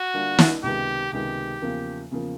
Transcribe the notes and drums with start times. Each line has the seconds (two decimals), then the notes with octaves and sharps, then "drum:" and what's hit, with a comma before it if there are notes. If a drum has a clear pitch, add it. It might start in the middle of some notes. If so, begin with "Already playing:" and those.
Already playing: F#4
0.14 D3 G3 A#3 D4 F4
0.39 drum: snare
0.63 C#2 C3 D#3 G#3 B3 G4
1.13 C#2 C3 D#3 G#3 B3 G4
1.62 E2 C#3 F3 A#3
2.11 E2 C#3 F3 A#3